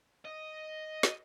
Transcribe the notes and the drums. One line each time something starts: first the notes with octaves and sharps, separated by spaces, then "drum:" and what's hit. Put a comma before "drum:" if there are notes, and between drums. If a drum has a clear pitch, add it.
D#5
drum: snare